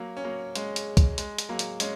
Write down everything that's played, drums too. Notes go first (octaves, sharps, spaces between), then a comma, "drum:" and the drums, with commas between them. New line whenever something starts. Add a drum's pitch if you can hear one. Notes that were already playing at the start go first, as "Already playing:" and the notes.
Already playing: F#3 A#3
C#4
F#3 A#3
G#3 C#4, drum: hi-hat
drum: hi-hat
drum: kick B1, hi-hat
G#3, drum: hi-hat
drum: hi-hat
F#3 A#3
drum: hi-hat
G#3 C#4, drum: hi-hat